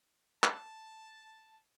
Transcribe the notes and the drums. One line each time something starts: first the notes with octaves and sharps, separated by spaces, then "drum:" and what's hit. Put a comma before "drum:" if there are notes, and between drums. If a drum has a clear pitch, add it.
A5, drum: clap